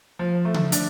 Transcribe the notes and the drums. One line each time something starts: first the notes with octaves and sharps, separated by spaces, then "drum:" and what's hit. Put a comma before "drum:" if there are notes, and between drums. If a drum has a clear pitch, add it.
F3
A3
drum: tom C#3
D4, drum: hi-hat